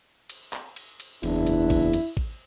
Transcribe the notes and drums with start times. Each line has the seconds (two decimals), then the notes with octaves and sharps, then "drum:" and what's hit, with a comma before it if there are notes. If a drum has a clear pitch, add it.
0.30 drum: cymbal
0.53 drum: clap
0.76 drum: cymbal
1.00 drum: cymbal
1.23 F#1 E2 D4 E4, drum: cymbal
1.47 drum: cymbal
1.70 drum: kick A1, cymbal
1.93 drum: cymbal
2.17 drum: kick A1